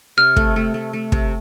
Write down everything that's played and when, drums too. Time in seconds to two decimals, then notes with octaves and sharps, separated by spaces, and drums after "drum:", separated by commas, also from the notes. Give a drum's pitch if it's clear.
0.17 C3 F6
0.36 A3, drum: kick
0.56 A3
0.74 A3
0.93 A3
1.12 C3, drum: kick